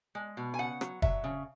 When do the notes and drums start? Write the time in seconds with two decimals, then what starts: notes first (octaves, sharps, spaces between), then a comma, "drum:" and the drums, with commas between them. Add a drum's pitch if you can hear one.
0.15 G#3
0.37 B2
0.54 G#5
0.59 C#3 F#5
0.81 F#3, drum: rim click
1.02 F#3 E5, drum: kick
1.24 C#3